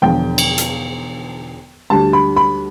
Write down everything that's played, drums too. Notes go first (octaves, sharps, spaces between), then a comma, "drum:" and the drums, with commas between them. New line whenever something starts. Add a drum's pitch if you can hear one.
E1 E2 D3 F3 G5
drum: cymbal
drum: hi-hat
D2 D3 G3 A5
B5
B5